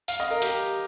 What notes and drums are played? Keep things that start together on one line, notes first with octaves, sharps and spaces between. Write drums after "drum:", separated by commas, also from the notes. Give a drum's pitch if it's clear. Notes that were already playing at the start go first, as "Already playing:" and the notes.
F5, drum: open hi-hat
D#5
A#4
G4, drum: hi-hat